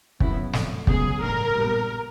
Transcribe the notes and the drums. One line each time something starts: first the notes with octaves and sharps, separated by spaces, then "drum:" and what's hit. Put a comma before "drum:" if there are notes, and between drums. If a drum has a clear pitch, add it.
F#2 C#3 F#3 B3 E4, drum: kick
F2 D3 F3 A3, drum: snare
C#2 C#3 F#3 B3 G#4, drum: kick
A1 G2 D3 F#3 A3 A#4
A#1 A#2 G3 B3